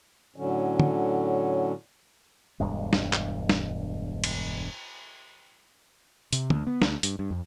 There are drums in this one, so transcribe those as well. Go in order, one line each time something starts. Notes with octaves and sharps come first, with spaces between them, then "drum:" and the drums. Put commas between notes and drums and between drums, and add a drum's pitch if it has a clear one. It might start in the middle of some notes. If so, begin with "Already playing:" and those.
A2 D3 F#3 C#4
drum: tom
E1 D2 G2 G#3
drum: snare
drum: clap
drum: snare
drum: cymbal
C3, drum: hi-hat
D2, drum: tom
B3
D2, drum: snare
G2, drum: hi-hat
G2
F2